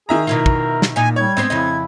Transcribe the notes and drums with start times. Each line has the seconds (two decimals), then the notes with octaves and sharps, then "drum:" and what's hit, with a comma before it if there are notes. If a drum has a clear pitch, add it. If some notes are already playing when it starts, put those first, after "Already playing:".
0.09 D#3 G#4 E5 A#5
0.27 B2 E4 F4 A#4
0.46 drum: kick
0.82 drum: snare
0.96 A#2 D#4 G#5
1.16 G3 C#5 G#6
1.37 G#2 B3 C4 C5
1.50 F2 C#3 E4 D#5